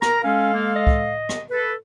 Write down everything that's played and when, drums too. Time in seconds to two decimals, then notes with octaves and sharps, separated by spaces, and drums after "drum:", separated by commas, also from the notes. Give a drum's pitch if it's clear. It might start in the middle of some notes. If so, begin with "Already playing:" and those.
0.02 A#4 A#5, drum: rim click
0.24 G#3 C#4 A4 F5
0.54 A#3
0.76 D#5
0.87 drum: kick
1.29 drum: rim click
1.51 A4 B4